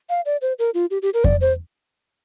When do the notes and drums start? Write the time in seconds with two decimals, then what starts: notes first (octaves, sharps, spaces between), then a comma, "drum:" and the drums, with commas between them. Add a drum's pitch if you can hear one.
0.09 F5
0.25 D5
0.41 C5
0.59 A#4
0.74 F4
0.90 G4
1.02 G4
1.14 A#4
1.24 D5, drum: kick F2
1.41 C5